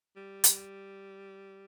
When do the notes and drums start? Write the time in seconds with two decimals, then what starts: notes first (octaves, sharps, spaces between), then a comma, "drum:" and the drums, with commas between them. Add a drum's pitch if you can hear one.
0.16 G3
0.44 drum: hi-hat